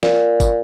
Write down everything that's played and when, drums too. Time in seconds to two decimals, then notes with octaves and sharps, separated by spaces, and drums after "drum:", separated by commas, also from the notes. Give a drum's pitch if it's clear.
0.03 A#2, drum: snare
0.40 drum: kick G1, tambourine